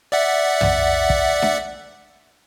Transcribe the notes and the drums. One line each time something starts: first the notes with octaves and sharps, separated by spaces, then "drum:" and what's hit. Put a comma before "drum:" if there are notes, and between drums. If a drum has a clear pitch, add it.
D5 E5 F#5
drum: tom
drum: kick
drum: snare D4